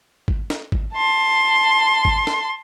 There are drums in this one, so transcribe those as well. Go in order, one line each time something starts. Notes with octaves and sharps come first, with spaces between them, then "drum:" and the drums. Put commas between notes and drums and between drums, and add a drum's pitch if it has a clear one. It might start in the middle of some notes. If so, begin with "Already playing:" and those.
drum: kick G#1
drum: snare
drum: kick G#1
A5 C6
drum: kick G#1
drum: snare